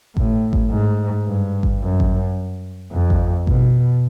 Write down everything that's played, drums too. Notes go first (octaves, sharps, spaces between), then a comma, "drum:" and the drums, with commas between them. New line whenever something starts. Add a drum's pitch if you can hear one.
A2, drum: kick G#1
drum: kick G#1
G#2
G2
drum: kick G#1
F#2
drum: kick G#1
F2
drum: kick G#1
B2, drum: kick G#1